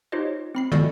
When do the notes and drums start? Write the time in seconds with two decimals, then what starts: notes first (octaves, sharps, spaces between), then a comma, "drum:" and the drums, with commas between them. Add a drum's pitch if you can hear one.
0.12 D#4 F4 G4 C5 C#5 D#5
0.55 C4 B5 C7
0.72 B3 A4 D5 D#5 C#6 A6, drum: tom